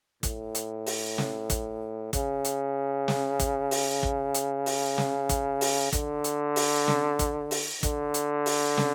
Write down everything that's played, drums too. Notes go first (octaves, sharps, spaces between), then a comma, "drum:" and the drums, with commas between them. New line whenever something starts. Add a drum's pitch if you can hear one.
A2, drum: kick, hi-hat
drum: hi-hat
drum: open hi-hat
drum: snare
drum: kick, hi-hat
C#3, drum: kick, hi-hat
drum: hi-hat
drum: snare
drum: kick, hi-hat
drum: open hi-hat
drum: kick
drum: hi-hat
drum: open hi-hat
drum: snare
drum: kick, hi-hat
drum: open hi-hat
D3, drum: kick, hi-hat
drum: hi-hat
drum: open hi-hat
drum: snare
drum: kick, hi-hat
drum: open hi-hat
D3, drum: kick, hi-hat
drum: hi-hat
drum: open hi-hat
drum: snare